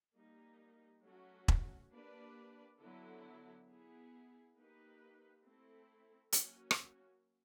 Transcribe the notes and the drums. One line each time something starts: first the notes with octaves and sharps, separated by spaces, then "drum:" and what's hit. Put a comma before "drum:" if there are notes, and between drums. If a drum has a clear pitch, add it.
G3 A#3 D#4
F#3 A3 C#4 F#4
drum: kick E1
A#3 D4 G4 B4 D5
D3 F#3 B3 E4 A4
B3 E4 G#4
A#3 D#4 G4 B4
A3 C4 E4 A4
F#3 A#3 C#4 F#4, drum: hi-hat
drum: rim click